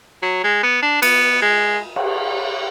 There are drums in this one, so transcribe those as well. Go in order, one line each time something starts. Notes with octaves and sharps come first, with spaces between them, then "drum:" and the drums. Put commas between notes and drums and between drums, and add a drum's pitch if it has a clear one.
F#3
G#3
B3
D4
B3, drum: cymbal
G#3
drum: cymbal